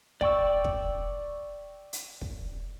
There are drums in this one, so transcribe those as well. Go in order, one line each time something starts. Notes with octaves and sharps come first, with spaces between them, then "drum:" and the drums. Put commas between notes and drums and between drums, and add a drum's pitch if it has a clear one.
D5 G5 C#6 E6, drum: kick
drum: kick
drum: hi-hat
drum: kick